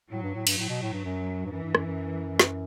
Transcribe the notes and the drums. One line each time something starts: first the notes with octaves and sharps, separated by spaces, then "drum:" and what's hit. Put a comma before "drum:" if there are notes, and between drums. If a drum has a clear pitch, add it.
A2 F#3
G2
A2
G2, drum: cymbal
A2 F#3
B2
A2
G2
F#2
G2
F#2 E3
G2
F#2, drum: rim click
F#2
drum: snare